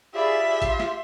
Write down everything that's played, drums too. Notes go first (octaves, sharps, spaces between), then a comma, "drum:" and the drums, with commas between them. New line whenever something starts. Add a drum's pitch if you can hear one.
F4 G4 G#4 D5 E5 B5
C6, drum: kick A1, hi-hat
drum: snare